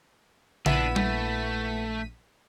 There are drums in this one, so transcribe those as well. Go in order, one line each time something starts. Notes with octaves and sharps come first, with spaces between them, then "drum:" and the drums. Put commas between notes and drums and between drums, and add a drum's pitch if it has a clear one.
A#1 B3 D4 E4 B6 D#7, drum: tom C#3
A3, drum: tom G3